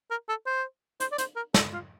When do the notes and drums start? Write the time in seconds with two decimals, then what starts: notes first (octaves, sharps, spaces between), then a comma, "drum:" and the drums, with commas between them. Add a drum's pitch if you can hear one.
0.10 A#4
0.29 A4
0.46 C5
1.00 C5, drum: hi-hat
1.12 D5
1.18 C5, drum: hi-hat
1.36 A#4
1.54 A4, drum: snare
1.73 F4